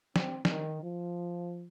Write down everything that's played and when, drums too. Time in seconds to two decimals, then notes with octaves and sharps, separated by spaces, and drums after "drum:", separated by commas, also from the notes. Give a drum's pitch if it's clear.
0.16 C4, drum: snare
0.45 D#3, drum: snare
0.81 F3